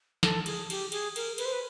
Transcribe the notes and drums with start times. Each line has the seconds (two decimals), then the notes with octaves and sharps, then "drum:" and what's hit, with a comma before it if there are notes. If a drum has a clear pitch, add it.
0.23 A4, drum: snare
0.46 G#4, drum: cymbal
0.70 G4, drum: cymbal
0.92 G#4, drum: cymbal
1.16 A#4, drum: cymbal
1.38 B4, drum: cymbal
1.45 C5
1.52 B4